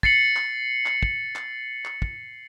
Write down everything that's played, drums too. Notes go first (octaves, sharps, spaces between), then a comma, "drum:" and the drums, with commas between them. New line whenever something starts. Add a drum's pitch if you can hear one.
A6 C7 C#7 F#7, drum: kick
drum: clap
drum: clap
drum: kick
drum: clap
drum: clap
drum: kick